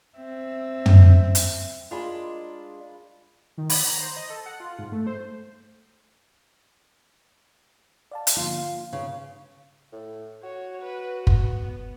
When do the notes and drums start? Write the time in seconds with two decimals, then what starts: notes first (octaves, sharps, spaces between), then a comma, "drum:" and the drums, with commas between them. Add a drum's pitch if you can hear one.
0.18 C4 E5
0.86 drum: tom
1.35 drum: hi-hat
1.91 G#3 D4 F4 A#4 B5 C6
3.58 D#3
3.70 B5, drum: open hi-hat
3.86 A#5
4.00 C5
4.17 D#5
4.30 A4
4.46 F#5
4.60 F4
4.79 G#2
4.92 A3
5.07 C5
8.11 D5 F5 A5
8.27 drum: hi-hat
8.37 D3 F3 A#3 F4
8.58 F5
8.93 C#3
9.92 A2
10.44 F#4 C#5
10.82 B4
11.27 B3, drum: kick